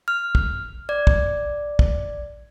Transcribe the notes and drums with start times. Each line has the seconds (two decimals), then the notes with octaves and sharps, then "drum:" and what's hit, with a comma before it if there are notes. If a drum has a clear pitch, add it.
0.08 F6
0.35 drum: kick
0.89 D5
1.07 drum: kick
1.79 drum: kick